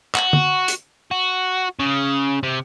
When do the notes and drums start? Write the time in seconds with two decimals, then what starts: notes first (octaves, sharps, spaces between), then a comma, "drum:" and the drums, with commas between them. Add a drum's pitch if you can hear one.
0.15 F#4, drum: clap
0.33 drum: tom D3
0.68 drum: hi-hat
1.11 F#4
1.80 C#3
2.43 C3